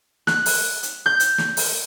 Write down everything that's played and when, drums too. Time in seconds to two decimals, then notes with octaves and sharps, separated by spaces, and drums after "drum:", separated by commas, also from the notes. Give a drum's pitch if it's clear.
0.27 F#6, drum: snare
0.46 drum: open hi-hat
0.83 drum: hi-hat
1.06 G6
1.20 drum: hi-hat
1.38 drum: snare
1.57 drum: open hi-hat